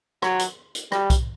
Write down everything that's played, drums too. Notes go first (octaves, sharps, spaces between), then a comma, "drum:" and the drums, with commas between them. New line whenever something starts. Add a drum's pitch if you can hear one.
F#3, drum: rim click
drum: hi-hat
drum: hi-hat
G3, drum: rim click
drum: kick B1, hi-hat